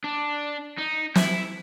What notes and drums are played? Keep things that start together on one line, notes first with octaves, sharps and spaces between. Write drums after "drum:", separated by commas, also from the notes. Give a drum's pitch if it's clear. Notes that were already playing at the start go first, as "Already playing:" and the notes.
D4
D#4
E4, drum: snare